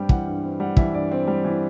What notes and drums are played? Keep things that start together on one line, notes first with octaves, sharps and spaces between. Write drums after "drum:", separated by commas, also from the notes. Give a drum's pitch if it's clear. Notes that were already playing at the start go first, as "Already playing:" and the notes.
Already playing: G2 G3 C4 G5
E3 F#5, drum: kick
G2
C4
G3 F#5
E3 E5, drum: kick
G2 D5
C4
G3
E3